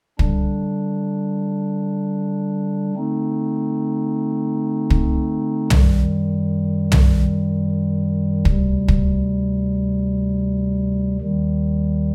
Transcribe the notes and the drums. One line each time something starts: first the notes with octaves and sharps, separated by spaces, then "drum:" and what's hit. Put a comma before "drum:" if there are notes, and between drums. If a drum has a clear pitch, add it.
D3 G3 D4, drum: kick
D3 A3 C4 D#4
drum: kick
F#2 D#3 G3, drum: tom
drum: tom
D2 C3 G3, drum: kick
drum: kick
D#2 D#3 G3